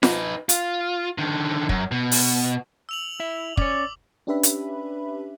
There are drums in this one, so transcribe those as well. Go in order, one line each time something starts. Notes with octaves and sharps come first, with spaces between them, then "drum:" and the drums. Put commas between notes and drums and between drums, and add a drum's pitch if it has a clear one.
D#4 B4, drum: snare F4
F4, drum: hi-hat
D3 D#3
F#2, drum: kick
B2
drum: open hi-hat
E6 F7 F#7
E4 E5
C#4 C#5 D5 D6, drum: kick
C#4 D4 G4 B4 E5 B5
drum: hi-hat